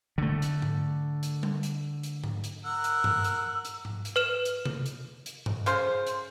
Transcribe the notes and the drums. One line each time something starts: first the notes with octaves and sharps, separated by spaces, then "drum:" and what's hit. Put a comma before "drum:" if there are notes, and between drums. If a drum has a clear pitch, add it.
D3 A3
drum: hi-hat
drum: tom G#2
drum: hi-hat
drum: tom G3
drum: hi-hat
drum: hi-hat
drum: tom G#2
drum: hi-hat
A#4 F#5 E6
drum: hi-hat
drum: tom G2
drum: hi-hat
drum: hi-hat
drum: tom G#2
drum: hi-hat
B4 F6 E7
drum: hi-hat
drum: tom C3
drum: hi-hat
drum: hi-hat
drum: tom G2
C#3 F4 C5, drum: hi-hat
drum: hi-hat